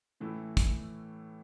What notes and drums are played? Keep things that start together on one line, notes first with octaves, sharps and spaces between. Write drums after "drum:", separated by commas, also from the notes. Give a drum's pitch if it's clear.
A2 E3 A3 E4
drum: kick, hi-hat